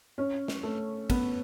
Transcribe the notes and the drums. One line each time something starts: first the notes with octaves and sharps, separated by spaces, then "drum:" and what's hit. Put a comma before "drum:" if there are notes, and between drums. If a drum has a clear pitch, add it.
C#4
drum: snare
A3
B3, drum: kick, cymbal